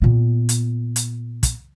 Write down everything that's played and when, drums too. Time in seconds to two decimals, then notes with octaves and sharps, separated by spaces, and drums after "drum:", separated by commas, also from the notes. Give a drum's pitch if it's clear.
0.02 A#2 B3
0.49 drum: hi-hat
0.96 drum: hi-hat
1.43 drum: kick, hi-hat